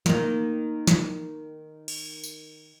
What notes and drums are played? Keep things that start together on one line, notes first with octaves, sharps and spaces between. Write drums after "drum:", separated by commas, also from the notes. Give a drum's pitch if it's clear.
D#3 A#3, drum: snare
drum: snare
drum: cymbal
drum: tambourine